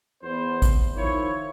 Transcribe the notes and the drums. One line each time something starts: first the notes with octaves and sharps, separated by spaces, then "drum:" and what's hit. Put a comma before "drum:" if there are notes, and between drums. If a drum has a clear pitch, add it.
E2 B3 C5
drum: kick A1, hi-hat
D#3 F3 E4 A#4 C#5